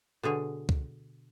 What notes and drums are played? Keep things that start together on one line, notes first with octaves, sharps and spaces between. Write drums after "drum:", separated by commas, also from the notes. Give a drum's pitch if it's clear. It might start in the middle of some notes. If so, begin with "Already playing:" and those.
B2 D3 G#4 C#5
drum: kick C#2